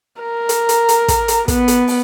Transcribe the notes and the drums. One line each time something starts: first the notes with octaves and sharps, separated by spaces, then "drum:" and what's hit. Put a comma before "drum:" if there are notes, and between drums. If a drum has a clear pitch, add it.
A#4
drum: hi-hat
drum: hi-hat
drum: hi-hat
drum: kick, hi-hat
drum: hi-hat
B3, drum: kick, hi-hat
drum: hi-hat
drum: open hi-hat